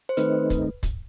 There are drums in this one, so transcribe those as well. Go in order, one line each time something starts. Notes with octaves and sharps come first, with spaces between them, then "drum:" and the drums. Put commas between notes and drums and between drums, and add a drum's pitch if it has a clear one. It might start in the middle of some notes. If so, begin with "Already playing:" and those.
C5
D#3 A3 C4 D#4 B4, drum: hi-hat
drum: kick, hi-hat
drum: kick, hi-hat